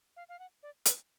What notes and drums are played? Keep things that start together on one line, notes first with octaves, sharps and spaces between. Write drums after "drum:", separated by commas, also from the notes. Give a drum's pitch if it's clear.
F5
F5
F#5
D5
B4, drum: hi-hat